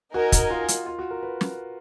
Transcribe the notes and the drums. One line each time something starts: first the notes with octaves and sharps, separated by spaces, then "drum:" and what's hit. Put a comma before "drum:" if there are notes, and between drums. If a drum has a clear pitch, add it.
D#4 F#4 A#4 D#5 G#5
drum: kick, hi-hat
F4
drum: hi-hat
F4
F#4
A#4
B4
drum: snare